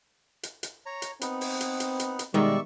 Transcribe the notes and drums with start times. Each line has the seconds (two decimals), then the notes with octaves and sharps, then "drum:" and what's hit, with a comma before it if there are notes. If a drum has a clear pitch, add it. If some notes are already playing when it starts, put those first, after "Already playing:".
0.43 drum: hi-hat
0.63 drum: hi-hat
0.86 C#5 A#5
1.02 drum: hi-hat
1.21 B3 C4 D#4 B4, drum: hi-hat
1.41 drum: open hi-hat
1.60 drum: hi-hat
1.80 drum: hi-hat
2.00 drum: hi-hat
2.19 drum: hi-hat
2.34 B2 D#3 G3 G#3 D5 E5 C#6